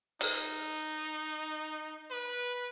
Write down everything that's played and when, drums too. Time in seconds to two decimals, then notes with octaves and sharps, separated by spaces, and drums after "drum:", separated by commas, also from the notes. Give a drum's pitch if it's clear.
0.21 D#4, drum: open hi-hat
2.10 B4